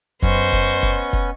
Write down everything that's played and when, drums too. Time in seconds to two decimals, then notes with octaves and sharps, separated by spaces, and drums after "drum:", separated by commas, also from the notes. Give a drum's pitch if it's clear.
0.23 F#2 B3 C#4 C5 D#5 C#6, drum: kick F1, hi-hat
0.53 drum: kick F1, hi-hat
0.83 drum: kick F1, hi-hat
1.13 drum: kick F1, hi-hat